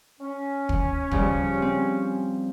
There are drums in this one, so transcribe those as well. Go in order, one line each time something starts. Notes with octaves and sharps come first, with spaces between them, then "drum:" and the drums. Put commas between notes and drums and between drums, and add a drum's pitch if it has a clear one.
C#4
drum: kick
C#3 F3 G3, drum: kick
C4